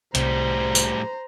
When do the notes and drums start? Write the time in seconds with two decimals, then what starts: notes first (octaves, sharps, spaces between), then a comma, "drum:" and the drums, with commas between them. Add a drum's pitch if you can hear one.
0.15 C2 A2 G3 C5 A#5, drum: hi-hat
0.75 drum: tambourine